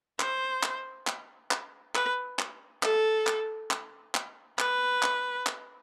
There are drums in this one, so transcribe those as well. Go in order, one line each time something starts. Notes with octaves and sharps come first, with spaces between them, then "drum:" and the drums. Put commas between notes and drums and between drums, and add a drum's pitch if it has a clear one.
C5, drum: clap
drum: clap
drum: clap
drum: clap
B4, drum: clap
drum: clap
A4, drum: clap
drum: clap
drum: clap
drum: clap
B4, drum: clap
drum: clap
drum: clap